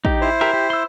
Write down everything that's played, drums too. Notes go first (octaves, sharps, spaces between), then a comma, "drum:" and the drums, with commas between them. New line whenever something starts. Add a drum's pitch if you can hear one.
D#4 G4, drum: kick
E4 C5
G4 A#4 E5
G4
C6 E6